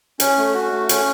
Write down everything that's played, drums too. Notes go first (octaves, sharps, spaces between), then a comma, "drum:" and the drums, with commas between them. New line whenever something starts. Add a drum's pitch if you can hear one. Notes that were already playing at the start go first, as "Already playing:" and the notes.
C#4, drum: hi-hat
A3
F#4
A3
C#4, drum: hi-hat